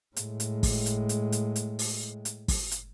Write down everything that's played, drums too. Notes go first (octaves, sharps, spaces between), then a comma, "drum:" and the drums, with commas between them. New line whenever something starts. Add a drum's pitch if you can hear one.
A2 G#3, drum: hi-hat
drum: hi-hat
drum: kick, open hi-hat
drum: hi-hat
drum: hi-hat
drum: hi-hat
drum: hi-hat
drum: open hi-hat
drum: hi-hat
drum: kick, open hi-hat
drum: hi-hat